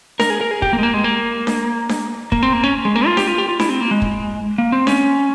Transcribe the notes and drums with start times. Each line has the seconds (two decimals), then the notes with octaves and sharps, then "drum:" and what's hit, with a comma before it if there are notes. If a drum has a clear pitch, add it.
0.20 A#4, drum: snare D4
0.30 G#4
0.41 A#4
0.51 G#4
0.62 G4, drum: kick
0.73 A#3
0.79 G#3
0.83 A#3
0.94 G#3
1.04 A#3
1.47 drum: snare D4
1.89 drum: snare D4
2.32 A#3, drum: kick
2.43 C4
2.53 A#3
2.64 C#4
2.85 G#3
2.95 A#3
3.06 F4
3.17 G4, drum: snare D4
3.27 F4
3.38 G4
3.49 F4
3.60 E4, drum: snare D4
3.69 C4
3.81 A#3
3.91 G#3
4.02 drum: kick
4.58 A#3
4.72 C4
4.87 C#4, drum: snare D4